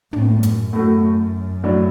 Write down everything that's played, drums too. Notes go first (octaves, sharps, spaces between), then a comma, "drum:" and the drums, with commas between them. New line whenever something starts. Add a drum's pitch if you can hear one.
A2, drum: tom
F#2, drum: hi-hat
F#2 A2 A3 F#4
A2 F#3 D4